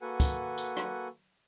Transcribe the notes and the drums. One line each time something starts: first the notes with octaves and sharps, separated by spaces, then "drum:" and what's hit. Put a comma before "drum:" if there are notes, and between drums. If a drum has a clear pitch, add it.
A#3 F#4 A4 B4 F#5 G#5
drum: kick, tambourine
drum: tambourine
drum: rim click